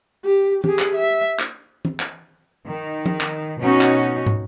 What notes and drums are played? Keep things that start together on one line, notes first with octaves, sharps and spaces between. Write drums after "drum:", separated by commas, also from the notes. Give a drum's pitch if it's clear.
G4
G4 G#4, drum: tom
drum: clap
E5
drum: clap
drum: tom
drum: clap
D#3
drum: tom
drum: clap
B2 C#4 D#4 F#4
drum: clap
drum: tom